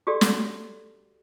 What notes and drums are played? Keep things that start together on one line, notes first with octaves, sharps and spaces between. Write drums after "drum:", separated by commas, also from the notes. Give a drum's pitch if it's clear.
F#4 G4 A4 D5
drum: snare